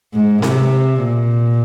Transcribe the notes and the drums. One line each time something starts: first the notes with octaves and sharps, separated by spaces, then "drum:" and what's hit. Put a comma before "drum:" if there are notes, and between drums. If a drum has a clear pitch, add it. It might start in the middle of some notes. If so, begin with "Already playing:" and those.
G#2
C3, drum: snare C4
A#2